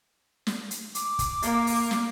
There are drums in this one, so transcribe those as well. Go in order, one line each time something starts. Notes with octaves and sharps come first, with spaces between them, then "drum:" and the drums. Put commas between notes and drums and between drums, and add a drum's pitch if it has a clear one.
drum: snare
drum: hi-hat
D6, drum: hi-hat
drum: kick, hi-hat
A#3, drum: hi-hat
drum: open hi-hat
drum: snare